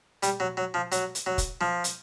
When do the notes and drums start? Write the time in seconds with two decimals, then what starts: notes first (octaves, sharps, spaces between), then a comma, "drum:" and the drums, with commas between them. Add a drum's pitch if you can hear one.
0.23 G3, drum: hi-hat
0.40 F#3
0.57 F#3
0.74 F3
0.92 F#3, drum: hi-hat
1.15 drum: hi-hat
1.26 F#3
1.38 drum: kick, hi-hat
1.61 F3, drum: snare
1.84 drum: hi-hat